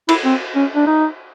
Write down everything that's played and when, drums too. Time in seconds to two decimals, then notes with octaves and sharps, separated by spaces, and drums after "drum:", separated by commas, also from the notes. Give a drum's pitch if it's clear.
0.09 E4, drum: cymbal
0.25 C4
0.55 C#4
0.76 D4
0.87 D#4